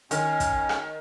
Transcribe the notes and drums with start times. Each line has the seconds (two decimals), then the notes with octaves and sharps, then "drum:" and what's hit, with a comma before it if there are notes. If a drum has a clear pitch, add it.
0.11 D#3 C#4, drum: hi-hat
0.40 drum: kick, hi-hat
0.69 drum: rim click